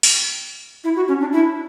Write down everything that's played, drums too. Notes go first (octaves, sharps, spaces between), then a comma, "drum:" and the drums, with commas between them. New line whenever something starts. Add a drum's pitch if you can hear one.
drum: open hi-hat
E4
F#4
C#4
D4
E4